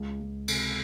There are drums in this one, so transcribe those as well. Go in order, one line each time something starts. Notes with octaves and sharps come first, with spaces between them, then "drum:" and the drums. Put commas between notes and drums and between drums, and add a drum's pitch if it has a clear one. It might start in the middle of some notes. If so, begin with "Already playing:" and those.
Already playing: C#2
C#2
C3, drum: cymbal